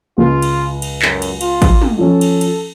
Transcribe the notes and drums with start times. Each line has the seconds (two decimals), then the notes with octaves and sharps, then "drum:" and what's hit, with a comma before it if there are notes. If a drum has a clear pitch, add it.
0.18 C#2 F4
0.42 drum: cymbal
0.82 drum: cymbal
1.02 F#2, drum: clap
1.22 drum: cymbal
1.41 F4, drum: cymbal
1.62 drum: kick, cymbal
1.82 drum: tom
1.98 F3 C#4 A4
2.21 drum: cymbal
2.41 drum: cymbal